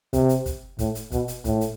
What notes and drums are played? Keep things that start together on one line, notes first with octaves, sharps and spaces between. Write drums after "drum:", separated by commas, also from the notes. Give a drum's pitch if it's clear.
C3, drum: kick, hi-hat
drum: hi-hat
drum: kick, hi-hat
A2, drum: kick, hi-hat
drum: hi-hat
B2, drum: kick, hi-hat
drum: hi-hat
A2, drum: kick, hi-hat
drum: hi-hat